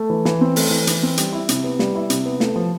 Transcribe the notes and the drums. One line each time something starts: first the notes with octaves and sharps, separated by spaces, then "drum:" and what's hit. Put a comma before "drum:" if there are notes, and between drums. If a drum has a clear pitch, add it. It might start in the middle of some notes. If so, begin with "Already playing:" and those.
Already playing: A3
E3
E3, drum: snare
C4
A3, drum: open hi-hat
E3
E3, drum: hi-hat
C4
G3, drum: hi-hat
E4
C3, drum: hi-hat
B3
G3, drum: snare
E4
C3, drum: hi-hat
B3
A3, drum: snare
F3